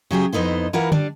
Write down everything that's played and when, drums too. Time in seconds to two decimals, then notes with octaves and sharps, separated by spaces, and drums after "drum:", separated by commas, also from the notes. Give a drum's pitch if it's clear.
0.11 C#3 F#3 G4 G#4
0.33 F2 B3 D#4 E4 C5
0.73 E3 E4 F4 A#4 F#5
0.92 G3 D4, drum: tom D3